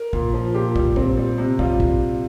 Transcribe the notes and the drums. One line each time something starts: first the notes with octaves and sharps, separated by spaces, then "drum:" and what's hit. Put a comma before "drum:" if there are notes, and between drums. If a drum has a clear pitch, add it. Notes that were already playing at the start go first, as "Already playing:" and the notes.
Already playing: A#4
A#2, drum: kick
F3
A#2 G4
G3, drum: kick
A#2 C4, drum: kick
G3
C3
G3 F4, drum: kick
drum: kick